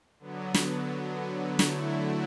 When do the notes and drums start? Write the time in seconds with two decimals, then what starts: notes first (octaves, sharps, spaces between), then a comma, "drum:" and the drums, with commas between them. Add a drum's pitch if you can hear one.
0.19 D3 F#3 B3
0.54 drum: snare
1.59 D3 F#3 A3 E4, drum: snare